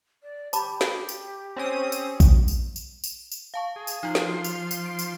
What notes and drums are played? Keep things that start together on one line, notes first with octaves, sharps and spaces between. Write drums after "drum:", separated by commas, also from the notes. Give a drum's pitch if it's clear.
D5
G4 A5 B5 D6, drum: tambourine
drum: snare
drum: tambourine
C4 C#4 D#6
drum: tambourine
drum: kick A#1, tambourine
drum: tambourine
drum: tambourine
drum: tambourine
drum: tambourine
F5 A5 C#6
G#4
drum: tambourine
F3 D#4 F4 C6
drum: snare
C7 F7, drum: tambourine
drum: tambourine
D7
drum: tambourine